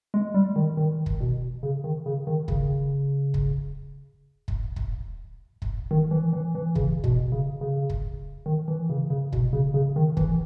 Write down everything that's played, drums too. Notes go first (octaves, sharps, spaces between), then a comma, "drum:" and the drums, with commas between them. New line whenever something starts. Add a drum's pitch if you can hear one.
G#3
G3
D#3
D#3
drum: kick
B2
C#3
D#3
C#3
D#3
C#3, drum: kick
drum: kick
drum: kick
drum: kick
drum: kick
D#3
E3
E3
E3
C#3, drum: kick
B2, drum: kick
C#3
C#3
drum: kick
D#3
E3
C#3
C#3
B2, drum: kick
C#3
C#3
D#3
E3, drum: kick